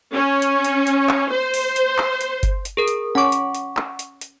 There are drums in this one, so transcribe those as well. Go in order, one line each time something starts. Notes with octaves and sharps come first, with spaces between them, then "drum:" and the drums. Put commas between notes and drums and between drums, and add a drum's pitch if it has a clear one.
C#4
drum: hi-hat
drum: hi-hat
drum: hi-hat
drum: clap
C5
drum: open hi-hat
drum: hi-hat
drum: clap
drum: hi-hat
drum: kick G1, hi-hat
drum: hi-hat
G#4 A#4
drum: hi-hat
C#4 F#5 C#6 D6
drum: hi-hat
drum: hi-hat
drum: clap
drum: hi-hat
drum: hi-hat